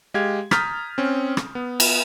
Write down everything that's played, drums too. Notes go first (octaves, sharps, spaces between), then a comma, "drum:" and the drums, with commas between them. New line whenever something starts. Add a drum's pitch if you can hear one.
G#3 G4 F5 G#6
A#5 D#6 F6 G6 A6 B6, drum: rim click
C4 C#4
drum: rim click
B3
drum: cymbal